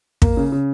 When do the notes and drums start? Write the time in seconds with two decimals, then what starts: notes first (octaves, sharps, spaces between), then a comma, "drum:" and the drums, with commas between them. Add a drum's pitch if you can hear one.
0.22 A#3, drum: kick
0.37 C#3
0.52 C#3